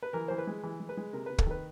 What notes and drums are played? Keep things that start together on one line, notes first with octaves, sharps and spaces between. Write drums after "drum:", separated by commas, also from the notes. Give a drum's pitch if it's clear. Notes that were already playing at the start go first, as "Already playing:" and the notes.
B4
E3 A#4
E3 C5
B4
G#3
E3
G#3
B4
G#3
C3 A#4
C3 B4
A4, drum: kick
D#3 B4